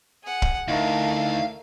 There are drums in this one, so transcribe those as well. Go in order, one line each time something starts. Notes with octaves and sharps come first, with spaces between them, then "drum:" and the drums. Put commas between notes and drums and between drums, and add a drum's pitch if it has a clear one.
G#4 F#5
drum: kick
D2 A3 D#4 E4 A#4 F5